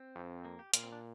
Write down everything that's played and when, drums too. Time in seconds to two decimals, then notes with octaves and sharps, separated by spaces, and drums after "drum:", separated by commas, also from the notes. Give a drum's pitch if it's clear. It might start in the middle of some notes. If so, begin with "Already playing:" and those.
Already playing: C4
0.15 F2
0.45 A#3
0.59 G4
0.74 A#2 F4, drum: hi-hat
0.83 C4
0.92 D4